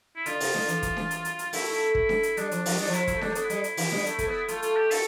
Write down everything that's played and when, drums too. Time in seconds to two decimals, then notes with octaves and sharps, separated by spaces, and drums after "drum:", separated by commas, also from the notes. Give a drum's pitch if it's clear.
0.16 E4
0.26 D3 F4, drum: hi-hat
0.40 C3, drum: open hi-hat
0.54 D3, drum: snare D4
0.68 E3, drum: hi-hat
0.83 drum: kick, hi-hat
0.97 drum: snare D4
1.11 drum: hi-hat
1.25 drum: hi-hat
1.39 drum: hi-hat
1.53 A3 E4, drum: open hi-hat
1.74 E4
1.95 E4, drum: kick
2.09 drum: snare D4
2.23 drum: hi-hat
2.37 G3 D4, drum: hi-hat
2.51 F3, drum: hi-hat
2.66 F3, drum: open hi-hat
2.76 G3 D4
2.88 F3
2.94 E4, drum: hi-hat
3.07 E4, drum: kick, hi-hat
3.14 A3
3.21 G3 D4, drum: snare D4
3.30 A3
3.35 B3, drum: hi-hat
3.43 E4
3.50 G3, drum: hi-hat
3.64 drum: hi-hat
3.77 E3, drum: open hi-hat
3.92 G3, drum: snare D4
4.01 B3
4.06 A3, drum: hi-hat
4.19 A3, drum: kick, hi-hat
4.27 B3
4.48 A3 F4, drum: hi-hat
4.62 F4, drum: hi-hat
4.76 G4
4.91 A4, drum: open hi-hat